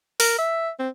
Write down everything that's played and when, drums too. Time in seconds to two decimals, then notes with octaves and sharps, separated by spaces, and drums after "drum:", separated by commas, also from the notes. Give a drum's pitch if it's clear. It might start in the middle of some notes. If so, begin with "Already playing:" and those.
0.20 A#4, drum: open hi-hat
0.38 E5
0.79 C4